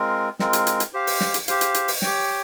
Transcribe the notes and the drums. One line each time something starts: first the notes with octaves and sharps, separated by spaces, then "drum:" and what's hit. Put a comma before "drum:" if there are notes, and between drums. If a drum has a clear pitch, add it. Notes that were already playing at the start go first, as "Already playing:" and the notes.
Already playing: G#3 C4 F4 A#4
G#3 C4 F4 A#4, drum: snare
drum: hi-hat
drum: hi-hat
drum: hi-hat
G4 C5 F5
drum: open hi-hat
drum: snare
drum: hi-hat
G4 C5 F5, drum: hi-hat
drum: hi-hat
drum: hi-hat
drum: open hi-hat
G4 C#5 G5, drum: snare